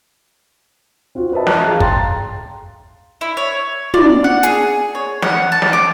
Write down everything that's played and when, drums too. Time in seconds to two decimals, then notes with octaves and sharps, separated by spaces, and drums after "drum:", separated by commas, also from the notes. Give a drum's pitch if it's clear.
1.15 C4 F4 F#4
1.32 A#4 B4 D#5 E5 A5
1.47 A5 A#5 F#6, drum: snare
1.68 G#4 F5
1.80 G5 A5 A#5 C6 A6, drum: kick
3.21 E4
3.37 C#5
3.94 D5, drum: tom
4.24 F#5
4.43 G#4, drum: hi-hat
4.95 C#5
5.22 F#5, drum: snare
5.52 A5
5.62 drum: snare
5.73 D6